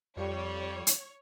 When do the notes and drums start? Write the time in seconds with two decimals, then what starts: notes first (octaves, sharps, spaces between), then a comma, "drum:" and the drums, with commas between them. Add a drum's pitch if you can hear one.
0.17 F2 G3 C#5
0.87 drum: hi-hat